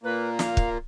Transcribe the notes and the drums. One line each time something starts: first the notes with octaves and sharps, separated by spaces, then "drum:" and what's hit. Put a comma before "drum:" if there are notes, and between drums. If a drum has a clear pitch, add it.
A#2 A#3 B4
F5, drum: snare
drum: kick